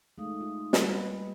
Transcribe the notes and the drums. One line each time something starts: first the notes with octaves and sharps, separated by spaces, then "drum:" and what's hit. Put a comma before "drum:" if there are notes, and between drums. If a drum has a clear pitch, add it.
G#3 A3 D#4 F5 D#6
F4
G3 A#3 B4, drum: snare
F4 D#5 B5